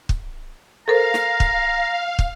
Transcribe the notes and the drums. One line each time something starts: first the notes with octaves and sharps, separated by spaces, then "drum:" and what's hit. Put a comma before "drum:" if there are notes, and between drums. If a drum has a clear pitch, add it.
drum: kick
A4 A#4 C5 F5 A#5
drum: snare
drum: kick
drum: kick